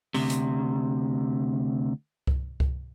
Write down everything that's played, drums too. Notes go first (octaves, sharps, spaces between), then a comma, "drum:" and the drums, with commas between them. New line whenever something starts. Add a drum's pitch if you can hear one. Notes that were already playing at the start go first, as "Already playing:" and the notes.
D2 C3, drum: open hi-hat
drum: hi-hat
drum: kick C2
drum: kick C2